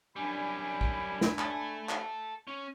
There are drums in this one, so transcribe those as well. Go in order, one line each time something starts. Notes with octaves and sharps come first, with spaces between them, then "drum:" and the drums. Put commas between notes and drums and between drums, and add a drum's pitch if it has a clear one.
F#2 G3 D4 G#5 B5
drum: kick
drum: snare
A4 E5, drum: clap
drum: clap
C#4